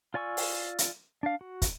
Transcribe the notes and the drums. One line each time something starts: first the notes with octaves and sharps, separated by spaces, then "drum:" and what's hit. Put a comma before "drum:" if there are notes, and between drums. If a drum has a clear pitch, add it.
F4 D5 G#5 C#6 E6
drum: open hi-hat
drum: hi-hat
D4 F5
F#4
drum: kick, hi-hat